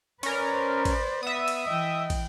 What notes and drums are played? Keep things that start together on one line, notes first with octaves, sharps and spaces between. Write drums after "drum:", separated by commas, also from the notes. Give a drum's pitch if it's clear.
C#4 A#4 B4 D5, drum: cymbal
C5
drum: kick, cymbal
B3 E5 D#6
drum: cymbal
E3 D#5 G5
drum: kick, cymbal